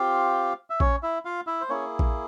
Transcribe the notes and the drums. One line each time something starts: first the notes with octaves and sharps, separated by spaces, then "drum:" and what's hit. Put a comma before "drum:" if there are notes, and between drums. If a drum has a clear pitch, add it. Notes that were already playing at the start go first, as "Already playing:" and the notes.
Already playing: C4 F4 G4 F5
E5
C#4 C#5, drum: kick A#1
E4 E5
F4 F5
E4 E5
C5
A#3 C#4 E4 G#4 C#5
drum: kick A#1